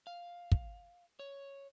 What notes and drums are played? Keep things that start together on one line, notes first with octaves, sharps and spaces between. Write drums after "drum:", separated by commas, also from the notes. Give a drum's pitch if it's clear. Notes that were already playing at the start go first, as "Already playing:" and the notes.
F5
drum: kick
C#5